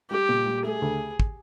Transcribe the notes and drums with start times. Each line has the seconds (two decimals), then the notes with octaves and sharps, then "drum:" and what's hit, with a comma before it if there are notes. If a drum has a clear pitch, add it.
0.10 G3 G4
0.29 A#2
0.46 G3
0.64 A3 G#4
0.82 D2
1.20 drum: kick